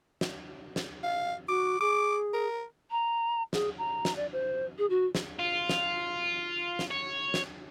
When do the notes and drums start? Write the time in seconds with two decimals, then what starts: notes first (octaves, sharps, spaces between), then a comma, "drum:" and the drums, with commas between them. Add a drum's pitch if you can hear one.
0.21 drum: snare
0.76 drum: snare
1.03 F5
1.49 F#4 D6
1.81 G#4 D6
2.33 A#4
2.91 A#5
3.53 G#4, drum: snare
3.78 A#5
4.05 drum: snare
4.16 D5
4.33 C5
4.78 G#4
4.90 F#4
5.15 drum: snare
5.39 F4
5.69 drum: snare
6.79 drum: snare
6.91 C#5
7.34 drum: snare